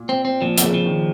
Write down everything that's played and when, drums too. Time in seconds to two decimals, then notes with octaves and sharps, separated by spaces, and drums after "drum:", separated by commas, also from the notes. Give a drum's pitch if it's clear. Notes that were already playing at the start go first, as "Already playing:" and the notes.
Already playing: A#2
0.09 C4
0.25 C4
0.41 A#2 F3
0.58 F2, drum: hi-hat
0.63 C#3
0.74 F3
0.86 D#3